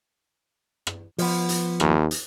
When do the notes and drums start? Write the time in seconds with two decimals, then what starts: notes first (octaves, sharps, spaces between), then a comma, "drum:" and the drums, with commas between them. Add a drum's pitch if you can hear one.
0.87 drum: rim click
1.18 F3 B3, drum: open hi-hat
1.49 drum: hi-hat
1.80 D#2, drum: rim click
2.11 drum: hi-hat